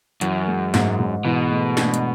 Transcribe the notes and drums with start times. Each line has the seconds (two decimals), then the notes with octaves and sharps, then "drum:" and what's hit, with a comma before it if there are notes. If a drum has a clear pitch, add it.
0.21 F#2 E3, drum: hi-hat
0.47 G#3
0.74 G#2, drum: snare
0.99 G#2
1.25 B2 E3
1.51 A3
1.77 D4, drum: snare
1.94 drum: hi-hat